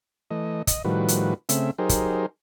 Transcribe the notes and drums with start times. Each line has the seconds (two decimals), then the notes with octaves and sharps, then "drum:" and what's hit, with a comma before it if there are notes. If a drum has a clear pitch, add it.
0.30 E3 A3 D#5
0.67 D#5, drum: kick, hi-hat
0.84 A2 D#3 F3 G3 F#4 B4
1.08 drum: hi-hat
1.49 C#3 A3 C4 E5, drum: hi-hat
1.78 F#3 D#4 G4 G#4 A#4 C5
1.89 drum: kick, hi-hat